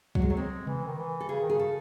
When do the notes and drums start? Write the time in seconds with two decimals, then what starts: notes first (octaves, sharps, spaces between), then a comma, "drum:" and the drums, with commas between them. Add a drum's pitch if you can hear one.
0.15 F#3, drum: kick
0.22 G#3
0.29 F#3 A3
0.36 G#3 C4
0.67 E3, drum: tom C3
0.87 D#3
0.98 E3
1.20 A4
1.29 C#3 G#4
1.41 D#3
1.49 C#3 G#4
1.59 A4